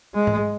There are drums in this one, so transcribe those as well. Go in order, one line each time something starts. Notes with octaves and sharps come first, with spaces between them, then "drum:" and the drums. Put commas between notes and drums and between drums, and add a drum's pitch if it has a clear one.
G#3
drum: tom G#2